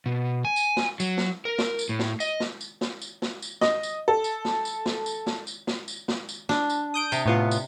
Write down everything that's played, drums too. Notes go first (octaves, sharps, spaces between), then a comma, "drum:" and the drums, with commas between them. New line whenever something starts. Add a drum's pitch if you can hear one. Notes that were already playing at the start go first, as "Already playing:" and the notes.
B2
G#5
drum: tambourine
drum: snare
F#3, drum: tambourine
drum: snare
A#4
drum: snare
drum: tambourine
A2
drum: snare
D#5, drum: tambourine
drum: snare
drum: tambourine
drum: snare
drum: tambourine
drum: snare
drum: tambourine
D#5, drum: snare
drum: tambourine
A4
drum: tambourine
drum: snare
drum: tambourine
drum: snare
drum: tambourine
drum: snare
drum: tambourine
drum: snare
drum: tambourine
drum: snare
drum: tambourine
D4, drum: snare
drum: tambourine
D#6 G6 D7
C3, drum: tambourine
A2 B3 F4
drum: tambourine